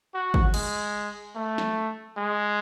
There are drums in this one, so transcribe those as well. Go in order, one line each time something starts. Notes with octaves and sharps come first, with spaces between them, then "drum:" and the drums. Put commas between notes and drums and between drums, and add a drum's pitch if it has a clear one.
F#4
drum: kick
G#3, drum: cymbal
A3
drum: snare
G#3